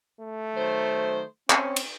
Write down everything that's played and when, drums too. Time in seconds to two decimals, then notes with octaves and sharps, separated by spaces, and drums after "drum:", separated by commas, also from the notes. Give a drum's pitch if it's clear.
0.21 A3
0.56 D#3 F#3 C5
1.50 C4 C#4, drum: clap
1.76 drum: cymbal